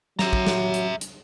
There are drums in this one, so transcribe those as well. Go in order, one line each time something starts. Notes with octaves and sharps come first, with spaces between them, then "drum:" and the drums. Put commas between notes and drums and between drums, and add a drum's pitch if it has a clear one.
F#3 E5 A#5, drum: snare
drum: kick
drum: snare
drum: hi-hat
drum: hi-hat